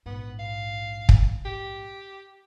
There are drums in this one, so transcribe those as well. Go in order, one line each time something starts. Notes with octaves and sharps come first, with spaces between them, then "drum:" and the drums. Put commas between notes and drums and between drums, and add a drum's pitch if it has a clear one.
A#1 G#2 B3
F5
drum: kick
G4